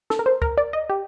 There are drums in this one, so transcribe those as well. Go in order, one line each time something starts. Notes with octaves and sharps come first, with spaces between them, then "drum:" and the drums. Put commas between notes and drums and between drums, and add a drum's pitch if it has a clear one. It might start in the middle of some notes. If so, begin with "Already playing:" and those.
A4, drum: snare
A#4
C5
A#4, drum: kick
D5
D#5
G4